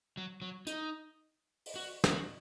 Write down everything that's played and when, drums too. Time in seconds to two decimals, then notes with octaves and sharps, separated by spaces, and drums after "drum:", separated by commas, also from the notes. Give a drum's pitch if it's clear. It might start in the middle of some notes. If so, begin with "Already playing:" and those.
0.17 F#3
0.42 F#3
0.67 D#4, drum: hi-hat
1.66 drum: open hi-hat
1.76 F#4
2.04 drum: snare
2.13 F#4